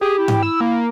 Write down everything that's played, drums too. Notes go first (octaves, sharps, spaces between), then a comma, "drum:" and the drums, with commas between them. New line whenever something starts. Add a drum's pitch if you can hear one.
G4 G#4
E4
drum: tom G#2
E6
A#3